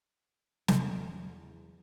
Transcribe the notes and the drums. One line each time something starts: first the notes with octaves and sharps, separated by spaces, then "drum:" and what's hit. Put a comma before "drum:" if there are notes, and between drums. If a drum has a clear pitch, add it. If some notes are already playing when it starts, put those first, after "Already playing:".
E2, drum: snare